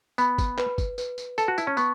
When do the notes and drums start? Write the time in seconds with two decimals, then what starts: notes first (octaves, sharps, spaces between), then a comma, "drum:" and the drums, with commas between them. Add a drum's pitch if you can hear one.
0.18 B3 B5, drum: tambourine
0.38 drum: kick, tambourine
0.58 B4, drum: clap
0.78 drum: kick, tambourine
0.98 B4, drum: tambourine
1.18 drum: tambourine
1.38 A4 A5, drum: tambourine
1.48 F#4
1.58 E4, drum: tambourine
1.67 C#4
1.77 B3 C#6, drum: tambourine